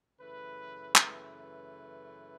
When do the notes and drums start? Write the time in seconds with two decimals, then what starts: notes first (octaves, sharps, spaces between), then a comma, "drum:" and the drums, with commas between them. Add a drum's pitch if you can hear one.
0.20 F#2 C#3 E3 A3 B4
0.96 B4, drum: clap